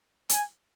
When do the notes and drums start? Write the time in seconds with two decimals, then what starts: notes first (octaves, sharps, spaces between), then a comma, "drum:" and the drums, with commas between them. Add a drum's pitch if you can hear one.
0.29 G#5, drum: hi-hat